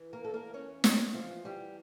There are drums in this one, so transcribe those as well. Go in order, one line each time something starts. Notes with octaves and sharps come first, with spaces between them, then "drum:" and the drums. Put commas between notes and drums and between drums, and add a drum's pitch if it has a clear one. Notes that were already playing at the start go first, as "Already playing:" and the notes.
Already playing: E3
A#3 A#4
E2 A4
A#3 A#4
E3 C#4 C#5
E2 C#4 C#5, drum: snare
E3 F3 F4
E2 G3 G4